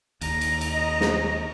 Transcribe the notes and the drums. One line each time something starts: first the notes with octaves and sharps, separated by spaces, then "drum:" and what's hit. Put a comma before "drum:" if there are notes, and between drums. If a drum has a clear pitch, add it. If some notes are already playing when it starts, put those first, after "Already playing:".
D#2 A#5, drum: cymbal
drum: cymbal
drum: cymbal
D#5
drum: snare